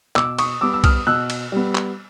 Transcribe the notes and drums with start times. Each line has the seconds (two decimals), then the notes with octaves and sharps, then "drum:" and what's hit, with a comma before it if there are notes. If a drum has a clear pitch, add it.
0.16 B2 D6 E6, drum: clap
0.39 C#6 D#6, drum: cymbal
0.61 G3 B3 D6 E6
0.74 E6
0.84 D#6 F6, drum: kick, cymbal
1.07 B2 E6 F#6
1.30 drum: cymbal
1.52 G3 B3
1.75 drum: clap